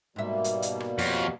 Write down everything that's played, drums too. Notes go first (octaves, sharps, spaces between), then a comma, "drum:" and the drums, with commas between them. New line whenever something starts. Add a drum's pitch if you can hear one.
G#2 B2 G3 A#3 E5
drum: hi-hat
drum: hi-hat
drum: rim click
F2 F#4 C#5 F5, drum: open hi-hat